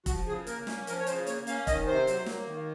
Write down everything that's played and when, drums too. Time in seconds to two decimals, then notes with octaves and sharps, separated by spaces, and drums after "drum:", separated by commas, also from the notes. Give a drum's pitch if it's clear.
0.06 F3 F#4, drum: kick, hi-hat
0.26 C#3 G#4
0.47 A#3 A#4, drum: hi-hat
0.67 C#4, drum: snare
0.87 F3 A#4, drum: hi-hat
0.99 C#5
1.07 C#3 C5, drum: hi-hat
1.27 A#3 C#5, drum: hi-hat
1.47 C#4 F5, drum: hi-hat
1.67 D#3 D#5, drum: kick, hi-hat
1.87 C3 C5
2.07 F#3, drum: hi-hat
2.26 A#3, drum: snare
2.46 D#3